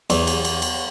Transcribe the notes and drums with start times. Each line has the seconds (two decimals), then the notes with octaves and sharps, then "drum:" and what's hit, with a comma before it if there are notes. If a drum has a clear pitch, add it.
0.10 E2, drum: cymbal
0.27 drum: cymbal
0.45 drum: cymbal
0.62 drum: cymbal